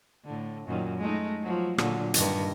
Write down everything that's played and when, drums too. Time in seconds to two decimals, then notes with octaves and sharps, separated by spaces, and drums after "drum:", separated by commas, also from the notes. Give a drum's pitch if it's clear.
0.24 A2 D3
0.68 F#2 A#2 D#3
0.98 G#3 A3 D#4
1.42 F3 F#3
1.78 A#2 D3 F#3, drum: rim click
2.14 G2 D#3, drum: hi-hat